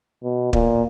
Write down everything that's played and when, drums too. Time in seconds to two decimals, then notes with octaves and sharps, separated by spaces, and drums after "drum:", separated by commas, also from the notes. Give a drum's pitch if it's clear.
0.23 B2
0.53 A#2, drum: kick